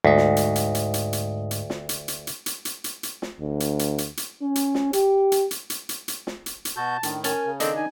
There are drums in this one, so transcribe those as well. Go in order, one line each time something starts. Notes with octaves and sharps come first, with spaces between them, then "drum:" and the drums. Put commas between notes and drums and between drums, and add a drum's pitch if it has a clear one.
D2 G#2 D#5
drum: snare
drum: hi-hat
drum: hi-hat
drum: hi-hat
drum: hi-hat
drum: hi-hat
drum: hi-hat
drum: snare
drum: hi-hat
drum: hi-hat
drum: hi-hat
drum: hi-hat
drum: hi-hat
drum: hi-hat
drum: hi-hat
drum: snare
D2
drum: hi-hat
drum: hi-hat
drum: hi-hat
drum: hi-hat
C#4
drum: hi-hat
drum: snare
G4, drum: hi-hat
drum: hi-hat
drum: hi-hat
drum: hi-hat
drum: hi-hat
drum: hi-hat
drum: snare
drum: hi-hat
drum: hi-hat
B2 F#4 A5 G6
A2 D#3 D4, drum: hi-hat
C#4 A#4 G#5 A5, drum: hi-hat
C#3
D#3 C4 D4 A4 D#5, drum: hi-hat
D#4 G#5